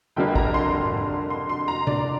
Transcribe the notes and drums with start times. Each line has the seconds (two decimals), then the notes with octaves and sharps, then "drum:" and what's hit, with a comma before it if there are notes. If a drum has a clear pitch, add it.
0.16 F1 F2 D3 G3 A#3 G5
0.36 A#5, drum: kick
0.54 C6
0.85 drum: tom G#2
1.30 C6
1.49 C6
1.68 A#5
1.87 D5, drum: tom C3